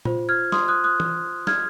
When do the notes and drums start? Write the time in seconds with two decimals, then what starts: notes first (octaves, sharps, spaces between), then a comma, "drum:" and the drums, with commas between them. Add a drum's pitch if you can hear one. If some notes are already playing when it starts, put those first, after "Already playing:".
0.05 F4 C5, drum: tom A#2
0.29 F6 G#6
0.52 C6 D#6, drum: snare
0.68 D#6 F#6
0.84 D#6 F#6
1.00 drum: tom E3
1.47 F6 G#6, drum: snare